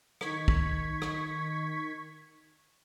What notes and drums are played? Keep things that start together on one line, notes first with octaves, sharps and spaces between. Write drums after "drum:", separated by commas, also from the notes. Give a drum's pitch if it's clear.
D#3 C#6 G#6 B6, drum: rim click
drum: kick
drum: rim click